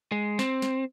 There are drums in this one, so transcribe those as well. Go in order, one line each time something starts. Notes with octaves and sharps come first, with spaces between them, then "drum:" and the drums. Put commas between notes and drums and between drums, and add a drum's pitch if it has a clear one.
G#3
C4, drum: snare
drum: snare